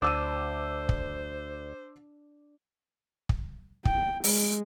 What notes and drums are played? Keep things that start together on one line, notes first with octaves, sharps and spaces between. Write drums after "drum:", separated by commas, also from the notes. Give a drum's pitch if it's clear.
D2 D4 C5 D6 E6 D#7
drum: kick
drum: kick
G5, drum: kick
G#3, drum: open hi-hat